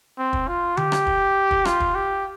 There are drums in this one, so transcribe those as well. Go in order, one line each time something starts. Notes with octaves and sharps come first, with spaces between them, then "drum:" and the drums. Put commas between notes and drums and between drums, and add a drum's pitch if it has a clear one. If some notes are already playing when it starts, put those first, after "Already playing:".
C4
drum: kick
F4
G4, drum: tom D3
drum: rim click
drum: kick
drum: kick
F4, drum: rim click
drum: kick
G4